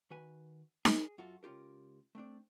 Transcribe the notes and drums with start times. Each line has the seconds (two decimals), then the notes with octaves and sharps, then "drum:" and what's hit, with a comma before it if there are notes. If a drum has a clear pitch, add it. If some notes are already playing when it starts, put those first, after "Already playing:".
0.11 D#3 F#4 B4 G#5
0.85 G#4, drum: snare D#4
1.18 F#2 F4 F#4 A4
1.43 C#2 C#4 F4 G4 A#4
2.15 A3 C4 D4 D5